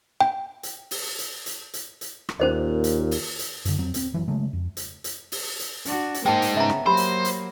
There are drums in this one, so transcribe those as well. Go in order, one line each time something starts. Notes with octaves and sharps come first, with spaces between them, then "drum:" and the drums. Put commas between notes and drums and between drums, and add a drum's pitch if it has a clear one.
G5
drum: hi-hat
drum: open hi-hat
drum: hi-hat
drum: hi-hat
drum: hi-hat
drum: hi-hat
drum: rim click
D#2 A#2 C#4 C5 D#5
drum: hi-hat
drum: open hi-hat
drum: hi-hat
F#2 D3, drum: hi-hat
F2 F#3 C4
D#1 C4, drum: hi-hat
F#1 E3 F#3
C#3 F#3 G#3 A3
F2
drum: hi-hat
drum: hi-hat
drum: open hi-hat
drum: hi-hat
D4 F#4, drum: hi-hat
drum: hi-hat
G#3 A#3 D#4 C5 G5 A5
drum: hi-hat
C#3 B3 E5 A#5
drum: rim click
F#3 A#3 G4 C5 B5
drum: hi-hat
drum: hi-hat